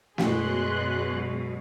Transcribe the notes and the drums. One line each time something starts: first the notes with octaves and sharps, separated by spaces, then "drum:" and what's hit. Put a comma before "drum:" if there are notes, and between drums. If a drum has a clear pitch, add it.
F#2 B2 G#3 G#4 C6 F#6, drum: snare